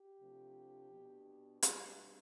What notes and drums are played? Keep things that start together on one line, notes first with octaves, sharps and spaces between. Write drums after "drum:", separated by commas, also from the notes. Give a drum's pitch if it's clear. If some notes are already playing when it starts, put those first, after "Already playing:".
Already playing: G4
C3 F3 A3 D4
B2 B3 D4
B2 G3 D4 B4, drum: hi-hat